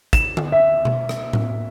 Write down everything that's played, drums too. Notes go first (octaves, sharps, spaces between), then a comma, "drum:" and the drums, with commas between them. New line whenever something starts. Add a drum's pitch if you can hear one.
E7, drum: kick, hi-hat
drum: tom D3
E5
drum: tom B2
drum: rim click
drum: tom A2